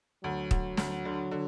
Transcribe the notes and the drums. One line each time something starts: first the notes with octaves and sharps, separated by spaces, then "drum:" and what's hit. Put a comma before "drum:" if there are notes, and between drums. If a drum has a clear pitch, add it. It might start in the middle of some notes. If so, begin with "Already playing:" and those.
D2 F#3
D2, drum: kick
D2, drum: snare
D3
D3